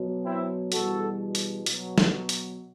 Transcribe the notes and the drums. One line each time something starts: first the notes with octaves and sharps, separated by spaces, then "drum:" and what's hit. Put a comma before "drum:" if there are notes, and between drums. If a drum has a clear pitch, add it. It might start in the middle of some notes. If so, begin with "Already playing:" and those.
Already playing: B2 F#3
C4 E4
E2 B2 G3 F#4 A4, drum: hi-hat
drum: hi-hat
B2 F#3, drum: hi-hat
drum: snare
drum: hi-hat